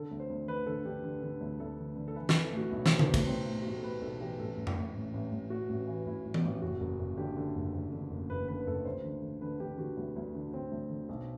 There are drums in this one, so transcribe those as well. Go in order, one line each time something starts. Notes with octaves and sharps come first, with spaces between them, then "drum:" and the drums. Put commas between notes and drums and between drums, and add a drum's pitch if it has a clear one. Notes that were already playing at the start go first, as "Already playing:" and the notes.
Already playing: D3 A4
D2
C5
D2
D3 B4
D3 A4
D3 G4
D3
D3
D2
D2 A4
D3
D3
A4
E3 B4
B4, drum: snare
E3
A4
A2 F#4
B1 E4
E3 C4, drum: snare
A3, drum: tom C#3
B1
A3, drum: kick, cymbal
B1 C4
A2
F#4
A2 G4
A4
A2 B4
B1 A4
E3 G4
A1 A4
A1
drum: tom F2
A2
A1
A1
A1
A2 F#4
A1
E3
A1 E4
A1
drum: tom E3
A1
F#1 F#4
F#1
F#1
D3 G4
D3
F#1
F#1
D3
F#1
F#1 B4
D3 B4
B4
F#1 A4
D2 C5
D3
D3
D3 B4
D3 G4
D3 F#4
D2 E4
D2
D3
D3 C4
D2
D3
B1